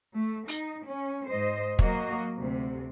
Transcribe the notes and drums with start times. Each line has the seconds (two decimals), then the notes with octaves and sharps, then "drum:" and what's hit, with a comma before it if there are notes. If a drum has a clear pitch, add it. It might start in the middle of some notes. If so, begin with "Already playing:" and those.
0.14 A3
0.48 D#4, drum: hi-hat
0.86 C#4
1.30 G#2 C5 D#5
1.79 F#3 A#3 F#4 D#5, drum: kick
2.35 D2 C3